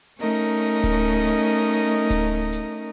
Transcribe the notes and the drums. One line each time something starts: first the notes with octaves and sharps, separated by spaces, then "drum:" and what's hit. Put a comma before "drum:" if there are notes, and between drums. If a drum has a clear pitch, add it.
A3 C#4 D#4 A#4 D#5
drum: kick D1, hi-hat
drum: hi-hat
drum: kick D1, hi-hat
drum: hi-hat